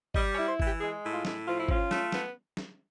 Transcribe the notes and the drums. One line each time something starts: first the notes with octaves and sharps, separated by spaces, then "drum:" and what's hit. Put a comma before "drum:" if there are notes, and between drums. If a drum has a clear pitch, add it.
G3 D#5, drum: kick
C#5
E4
C5
E3, drum: kick
G4
G#3 G#4
A2
F4
A2, drum: snare
F3 F4
E4
C#4 F4, drum: kick
A3, drum: snare
B3, drum: snare
drum: snare